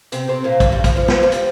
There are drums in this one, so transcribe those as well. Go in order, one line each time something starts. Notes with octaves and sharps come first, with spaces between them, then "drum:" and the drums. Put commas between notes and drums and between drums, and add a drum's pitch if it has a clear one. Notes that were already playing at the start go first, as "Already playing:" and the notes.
C3 C4, drum: hi-hat
C3 C4
A#2 A#3
G2 G3, drum: kick, hi-hat
G2 G3
F3, drum: kick, hi-hat
F3
F3, drum: snare
F3
G3, drum: hi-hat